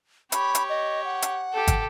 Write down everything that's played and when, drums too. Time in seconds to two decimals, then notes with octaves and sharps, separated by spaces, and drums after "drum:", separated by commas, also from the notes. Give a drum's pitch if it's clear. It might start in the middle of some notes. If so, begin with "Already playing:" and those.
0.32 G4 C#5 B5, drum: hi-hat
0.55 drum: hi-hat
0.69 D#5
1.04 F#5
1.22 drum: hi-hat
1.53 G4 A4
1.67 drum: kick, hi-hat